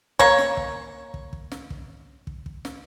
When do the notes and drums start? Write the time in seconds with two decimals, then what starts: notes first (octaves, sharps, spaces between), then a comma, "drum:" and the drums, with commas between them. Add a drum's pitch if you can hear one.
0.19 A#3 C#5, drum: kick
0.38 drum: snare
0.57 drum: kick
1.14 drum: kick
1.33 drum: kick
1.52 drum: snare
1.70 drum: kick
2.27 drum: kick
2.46 drum: kick
2.65 drum: snare